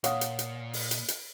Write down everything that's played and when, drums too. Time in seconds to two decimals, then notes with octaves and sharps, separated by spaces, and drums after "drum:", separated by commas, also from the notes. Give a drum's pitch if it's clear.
0.04 A#2 C#5 F5 F#5 D#6, drum: hi-hat
0.21 drum: hi-hat
0.39 drum: hi-hat
0.74 drum: open hi-hat
0.91 drum: hi-hat
1.08 drum: hi-hat